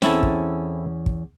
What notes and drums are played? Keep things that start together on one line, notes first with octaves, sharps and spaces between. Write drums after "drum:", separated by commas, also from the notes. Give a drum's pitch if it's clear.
E2 C4 C#4 E4 A4, drum: snare
drum: kick
drum: kick